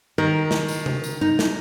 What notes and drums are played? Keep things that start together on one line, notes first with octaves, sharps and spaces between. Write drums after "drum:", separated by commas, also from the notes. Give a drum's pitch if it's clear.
D#3 A#4
drum: snare
drum: tambourine
drum: tom C3
drum: tambourine
D#4
drum: snare